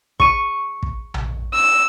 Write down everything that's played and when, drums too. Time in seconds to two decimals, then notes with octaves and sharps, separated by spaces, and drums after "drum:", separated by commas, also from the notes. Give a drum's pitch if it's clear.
0.20 C#6 D#7, drum: kick
0.83 drum: kick
1.14 drum: tom A#1
1.54 E6